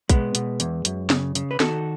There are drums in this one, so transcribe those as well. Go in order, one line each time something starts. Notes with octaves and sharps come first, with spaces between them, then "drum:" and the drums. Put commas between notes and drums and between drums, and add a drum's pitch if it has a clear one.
B2 G#3 B3, drum: kick, hi-hat
B2, drum: hi-hat
E2, drum: hi-hat
F#2, drum: hi-hat
C#3, drum: snare
C#3, drum: hi-hat
B4
D#3 F#4 A4, drum: snare